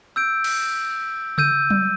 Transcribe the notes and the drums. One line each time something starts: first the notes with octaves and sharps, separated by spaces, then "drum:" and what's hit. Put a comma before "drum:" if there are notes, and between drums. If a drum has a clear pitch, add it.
E6 G6 D7
drum: cymbal
E6 G6 D#7, drum: tom C#3
drum: tom F#3